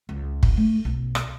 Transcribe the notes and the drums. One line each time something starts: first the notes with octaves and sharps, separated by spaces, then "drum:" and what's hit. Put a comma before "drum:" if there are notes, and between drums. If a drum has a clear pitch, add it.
C#2
drum: kick
A3
B1
drum: rim click